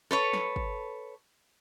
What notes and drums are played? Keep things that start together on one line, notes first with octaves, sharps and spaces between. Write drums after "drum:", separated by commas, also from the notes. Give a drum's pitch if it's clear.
A4 B4 C#5
drum: snare
drum: kick